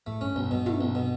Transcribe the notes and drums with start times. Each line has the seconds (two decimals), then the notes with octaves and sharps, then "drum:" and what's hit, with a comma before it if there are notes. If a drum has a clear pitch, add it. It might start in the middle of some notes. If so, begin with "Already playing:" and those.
0.06 A2 A3
0.21 G2 C#4
0.36 B1 G2
0.51 G2 B2
0.66 A3, drum: tom
0.81 B1
0.95 B2